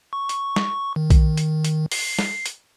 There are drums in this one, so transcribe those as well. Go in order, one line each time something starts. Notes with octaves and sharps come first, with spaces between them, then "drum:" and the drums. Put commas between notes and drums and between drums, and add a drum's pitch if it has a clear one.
C#6
drum: hi-hat
drum: snare
D#3
drum: kick B1, hi-hat
drum: hi-hat
drum: hi-hat
C7, drum: open hi-hat
drum: snare
drum: hi-hat